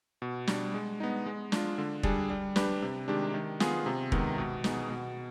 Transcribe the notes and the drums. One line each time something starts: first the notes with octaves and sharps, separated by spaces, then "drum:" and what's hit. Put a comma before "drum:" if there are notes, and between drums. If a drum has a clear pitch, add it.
B2
G3 D4, drum: snare
G#3
B3 D#4
G#3
D4 F4, drum: snare
D3
G3 D4 G#4, drum: kick E1
G3
D4 G4 B4, drum: snare
C3
D#3 G#3 D4 G4
D#3
B3 F4 G#4, drum: snare
C3
D#3 G#3 B3, drum: kick E1
B2
B3 D#4 G#4, drum: snare
B2